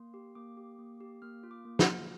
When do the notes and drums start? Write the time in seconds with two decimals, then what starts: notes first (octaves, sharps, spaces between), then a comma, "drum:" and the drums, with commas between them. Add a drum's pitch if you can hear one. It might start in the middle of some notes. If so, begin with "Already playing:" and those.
Already playing: A#3 C6
0.14 G4
0.35 A#3 D6
0.57 G4
0.79 A#3
1.00 G4
1.22 A#3 F6
1.43 F4
1.51 D6
1.65 A#3
1.79 F6, drum: snare
1.87 F4